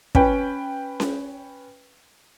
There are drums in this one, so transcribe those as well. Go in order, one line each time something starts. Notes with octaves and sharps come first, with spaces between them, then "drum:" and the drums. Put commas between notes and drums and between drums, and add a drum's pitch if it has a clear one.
C#4 B4 G5, drum: kick
drum: snare C#4